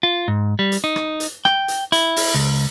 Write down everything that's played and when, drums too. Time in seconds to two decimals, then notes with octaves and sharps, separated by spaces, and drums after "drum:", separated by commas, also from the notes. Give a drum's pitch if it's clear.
0.03 F4
0.28 G#2
0.59 G3
0.72 drum: hi-hat
0.84 D#4
0.96 drum: rim click
1.20 drum: hi-hat
1.45 G5, drum: rim click
1.68 drum: hi-hat
1.92 E4, drum: hi-hat
2.16 drum: open hi-hat
2.34 C#2